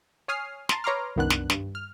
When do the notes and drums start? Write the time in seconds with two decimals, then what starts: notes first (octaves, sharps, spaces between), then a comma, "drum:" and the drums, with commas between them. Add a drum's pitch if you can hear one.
0.28 C#5 G#5 D#6 F6 C7
0.69 A5 A#5 C6, drum: snare
0.84 B4 C#5 A#5 C6 D6 F6
1.16 C2 F#2 D#3 B3 D4 F#6
1.30 drum: snare
1.50 G2, drum: snare
1.75 F6